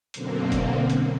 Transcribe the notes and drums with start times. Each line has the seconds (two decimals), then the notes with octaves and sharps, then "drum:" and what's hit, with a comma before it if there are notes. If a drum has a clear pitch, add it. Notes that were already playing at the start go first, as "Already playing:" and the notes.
0.14 F#2 B2 D3 A#3 C4, drum: hi-hat
0.52 drum: kick, hi-hat
0.90 drum: hi-hat